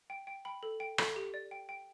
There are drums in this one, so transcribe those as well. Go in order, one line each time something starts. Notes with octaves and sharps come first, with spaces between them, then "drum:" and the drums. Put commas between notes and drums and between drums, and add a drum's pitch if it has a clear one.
G5
G5
G5 B5
A4
G5
A4, drum: rim click
G4
D5
G5
G5